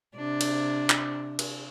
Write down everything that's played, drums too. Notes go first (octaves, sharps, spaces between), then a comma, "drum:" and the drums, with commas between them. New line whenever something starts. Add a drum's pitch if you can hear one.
C3 D4
drum: cymbal
drum: clap
drum: cymbal